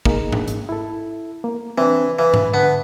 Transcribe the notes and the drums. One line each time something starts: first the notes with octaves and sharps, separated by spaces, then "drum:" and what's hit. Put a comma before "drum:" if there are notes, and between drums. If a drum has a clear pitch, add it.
A#3 D#4 G#4, drum: kick
drum: tom G#2
drum: hi-hat
E4 A4
A#3
E3 C4 D4
E3 B4 F5 B5
drum: tom G#2
D3 B3 A5 F#6